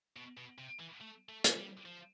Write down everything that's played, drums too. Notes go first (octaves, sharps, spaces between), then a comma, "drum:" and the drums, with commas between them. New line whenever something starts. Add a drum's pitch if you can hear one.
B2
B2
C3
E3
A3
A3
drum: hi-hat
G3
F3